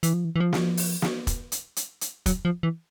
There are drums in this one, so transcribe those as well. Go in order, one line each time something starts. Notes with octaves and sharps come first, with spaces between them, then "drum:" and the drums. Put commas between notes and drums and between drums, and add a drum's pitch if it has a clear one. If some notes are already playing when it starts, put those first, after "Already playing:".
E3, drum: hi-hat
F3
E3
E3
F3
drum: snare
drum: open hi-hat
drum: snare
drum: kick E1, hi-hat
drum: hi-hat
drum: hi-hat
drum: hi-hat
F#3, drum: kick E1, hi-hat
F3
E3